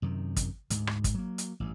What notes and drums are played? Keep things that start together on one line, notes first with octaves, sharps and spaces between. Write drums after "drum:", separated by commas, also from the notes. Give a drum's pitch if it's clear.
F#2 C3 D#3
drum: kick, hi-hat
D2 G#2, drum: hi-hat
drum: rim click
drum: kick, hi-hat
F#3 A#3
drum: hi-hat
A1 G2